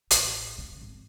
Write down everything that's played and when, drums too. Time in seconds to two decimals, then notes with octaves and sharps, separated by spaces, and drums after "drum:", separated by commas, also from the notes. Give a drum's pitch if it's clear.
0.11 A1, drum: hi-hat
0.58 C#3
0.81 G#1